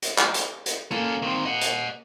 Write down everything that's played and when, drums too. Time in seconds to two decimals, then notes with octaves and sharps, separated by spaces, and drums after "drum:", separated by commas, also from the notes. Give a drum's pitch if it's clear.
0.02 drum: hi-hat
0.18 drum: clap
0.34 drum: hi-hat
0.66 drum: hi-hat
0.91 A#3 C#4 A4 A#5
1.22 D#3 C4
1.45 D#5 F#5
1.61 drum: hi-hat